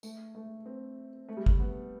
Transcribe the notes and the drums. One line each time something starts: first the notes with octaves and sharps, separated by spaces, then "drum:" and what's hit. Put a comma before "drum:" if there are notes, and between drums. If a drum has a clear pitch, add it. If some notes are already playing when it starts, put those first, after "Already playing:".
A3, drum: tambourine
A3
C4
A3
G3
A3, drum: kick
B3